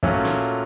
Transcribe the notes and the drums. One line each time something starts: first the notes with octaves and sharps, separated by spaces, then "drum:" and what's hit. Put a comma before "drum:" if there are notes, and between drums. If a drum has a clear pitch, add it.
A#2 F#3 A3 C#4 F4, drum: kick
drum: snare